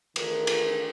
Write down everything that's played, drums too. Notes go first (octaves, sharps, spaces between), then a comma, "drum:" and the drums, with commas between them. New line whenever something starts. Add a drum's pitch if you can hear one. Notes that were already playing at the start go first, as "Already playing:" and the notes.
D#3 E3 A3 G#4 A#4, drum: cymbal
drum: cymbal